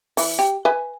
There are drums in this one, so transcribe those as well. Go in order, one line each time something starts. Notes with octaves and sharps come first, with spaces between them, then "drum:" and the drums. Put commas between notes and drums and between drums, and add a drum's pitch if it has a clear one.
E3, drum: open hi-hat
G4
B4 E5 G#5